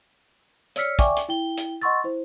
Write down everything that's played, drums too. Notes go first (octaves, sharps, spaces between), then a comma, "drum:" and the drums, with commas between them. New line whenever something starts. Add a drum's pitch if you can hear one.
C#5 D5 E6 F6 B6 C#7, drum: hi-hat
D5 E5 G5 G#5 C#6 D6, drum: kick, hi-hat
drum: hi-hat
E4 G5 G7
drum: hi-hat
D#5 F#5 C6 C#6 E6 A6
E4 C5